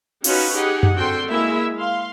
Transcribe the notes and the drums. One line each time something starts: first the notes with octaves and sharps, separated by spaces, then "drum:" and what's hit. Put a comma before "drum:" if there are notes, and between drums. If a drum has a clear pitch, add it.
C#4 D#4 F4 F#4 B4 C#5, drum: open hi-hat
D#4 G4 G#4 F#5
drum: tom F#2
D3 C4 F#4 A4 G5 C6
G#3 A#3 E4 E5
F5 C6